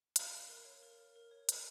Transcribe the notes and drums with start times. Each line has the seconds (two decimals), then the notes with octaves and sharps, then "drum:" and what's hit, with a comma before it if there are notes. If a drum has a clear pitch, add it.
0.16 F5 F7, drum: hi-hat
0.33 F5
0.49 A#4
0.65 C#5
0.83 A#4
0.99 A#4
1.16 A#4
1.31 C#5
1.49 C5, drum: hi-hat